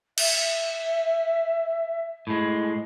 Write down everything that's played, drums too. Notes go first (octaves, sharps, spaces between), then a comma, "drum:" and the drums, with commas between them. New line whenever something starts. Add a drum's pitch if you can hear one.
E5, drum: cymbal
A2 G#3